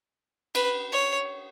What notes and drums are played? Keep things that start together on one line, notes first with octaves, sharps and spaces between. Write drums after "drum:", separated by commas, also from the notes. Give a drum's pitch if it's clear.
B4, drum: cymbal
C#5